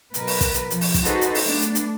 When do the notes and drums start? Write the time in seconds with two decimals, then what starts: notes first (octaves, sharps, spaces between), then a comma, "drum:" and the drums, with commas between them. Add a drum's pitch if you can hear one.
0.14 B2 F#3 A#4 B4, drum: hi-hat
0.27 drum: open hi-hat
0.41 drum: kick, hi-hat
0.54 drum: hi-hat
0.70 F3, drum: hi-hat
0.81 drum: open hi-hat
0.94 drum: kick, hi-hat
1.05 D#4 F#4 G#4 A4 B4 C5, drum: hi-hat
1.21 drum: hi-hat
1.35 drum: open hi-hat
1.44 F#3 A3 B3 D4
1.62 drum: hi-hat
1.75 drum: hi-hat